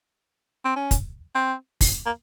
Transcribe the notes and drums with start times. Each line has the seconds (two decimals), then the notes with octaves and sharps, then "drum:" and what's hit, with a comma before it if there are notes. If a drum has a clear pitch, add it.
0.65 C4
0.76 C#4
0.91 drum: kick, hi-hat
1.35 C4
1.81 drum: kick, open hi-hat
2.06 A#3